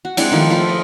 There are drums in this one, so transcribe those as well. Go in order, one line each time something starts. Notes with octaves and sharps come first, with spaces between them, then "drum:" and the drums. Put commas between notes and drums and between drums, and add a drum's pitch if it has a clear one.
F#4
G#3 C4 D4 E4, drum: cymbal
D#3 F3 A3 A4
A3 F4 B5
D#5